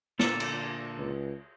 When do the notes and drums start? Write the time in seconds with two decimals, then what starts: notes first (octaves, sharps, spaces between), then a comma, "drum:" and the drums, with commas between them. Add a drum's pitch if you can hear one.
0.19 A#2 D3 A4, drum: snare
0.40 drum: cymbal
0.98 C#2